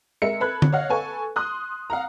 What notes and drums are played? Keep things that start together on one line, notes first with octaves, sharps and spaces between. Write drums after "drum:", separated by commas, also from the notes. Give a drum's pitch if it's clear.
G#3 A#4 E5 C#7
A4 B4 B5 F#6 G#6
drum: tom D3
C#5 D#5 F5 F#5
A4 B4 G#5 C#6
C6 D#6 F#6
F5 F#5 A#5